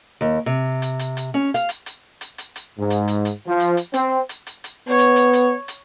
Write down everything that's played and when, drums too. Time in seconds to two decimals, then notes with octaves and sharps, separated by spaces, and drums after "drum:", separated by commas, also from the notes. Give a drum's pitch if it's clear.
0.21 D#2
0.46 C3
0.82 drum: hi-hat
0.99 drum: hi-hat
1.17 drum: hi-hat
1.34 C#4
1.54 F5, drum: hi-hat
1.69 drum: hi-hat
1.86 drum: hi-hat
2.21 drum: hi-hat
2.38 drum: hi-hat
2.56 drum: hi-hat
2.79 G#2
2.90 drum: hi-hat
3.08 drum: hi-hat
3.25 drum: hi-hat
3.47 F3
3.60 drum: hi-hat
3.77 drum: hi-hat
3.94 C4, drum: hi-hat
4.29 drum: hi-hat
4.47 drum: hi-hat
4.64 drum: hi-hat
4.89 B3 C#5
4.99 drum: hi-hat
5.16 drum: hi-hat
5.33 drum: hi-hat
5.68 drum: hi-hat